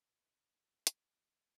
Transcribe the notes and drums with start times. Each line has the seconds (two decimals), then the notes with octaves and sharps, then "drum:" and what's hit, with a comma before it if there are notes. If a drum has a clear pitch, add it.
0.23 C3 D#3 D#4 E4 B4
0.41 D4 D#4
0.62 G3 C4 E4 A4
0.87 A#2 D3, drum: hi-hat
1.24 A3 D#5